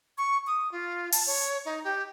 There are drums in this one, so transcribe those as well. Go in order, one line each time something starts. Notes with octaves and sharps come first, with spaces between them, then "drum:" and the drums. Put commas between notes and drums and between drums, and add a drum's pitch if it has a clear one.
C#6
D#6
F4
A5, drum: open hi-hat
C#5
D#4
G4